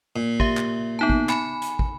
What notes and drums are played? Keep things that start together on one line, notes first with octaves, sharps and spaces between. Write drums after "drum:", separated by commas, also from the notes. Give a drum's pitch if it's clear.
A#2
G4 E5, drum: kick
drum: clap
B3 D#4 A5
drum: kick
G#5 B5, drum: clap
drum: hi-hat
drum: kick